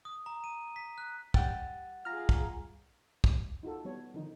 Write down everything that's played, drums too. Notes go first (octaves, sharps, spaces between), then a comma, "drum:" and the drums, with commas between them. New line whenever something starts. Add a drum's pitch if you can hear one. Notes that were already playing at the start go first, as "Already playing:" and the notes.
D#6
A#5
D#7
B6
F#6
G3 F#5 G5 A6, drum: kick
F4 G#4 A#5 F6
drum: kick
drum: kick
D#4 F4 F#4 A4
G3 B3 C#5
D3 D#3 F3 D#4